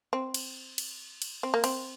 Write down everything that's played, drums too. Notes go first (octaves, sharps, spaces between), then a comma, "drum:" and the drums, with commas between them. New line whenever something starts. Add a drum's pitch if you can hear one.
C4
drum: cymbal
drum: cymbal
drum: cymbal
C4
A#3
C4, drum: cymbal